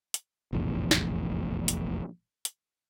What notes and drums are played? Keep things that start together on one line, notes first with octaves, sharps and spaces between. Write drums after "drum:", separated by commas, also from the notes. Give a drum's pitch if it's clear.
drum: hi-hat
F1 A#1 E2 A2
drum: snare
drum: hi-hat
drum: hi-hat